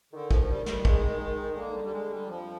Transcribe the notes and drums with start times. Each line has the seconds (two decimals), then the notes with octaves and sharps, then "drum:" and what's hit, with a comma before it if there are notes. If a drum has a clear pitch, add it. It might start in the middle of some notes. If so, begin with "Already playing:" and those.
0.13 D3 D#3
0.31 F3, drum: kick
0.42 F3
0.49 G3
0.66 G3, drum: snare
0.85 G#3, drum: kick
1.56 D3 A#3
1.74 G3
1.84 G3
1.93 G#3
2.10 G3
2.27 F2 F3